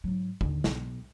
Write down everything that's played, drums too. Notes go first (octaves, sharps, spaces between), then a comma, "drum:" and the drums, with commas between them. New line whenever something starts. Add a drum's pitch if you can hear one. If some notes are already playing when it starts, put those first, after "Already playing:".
G#2 F#3
D#2 D3, drum: kick
B1, drum: snare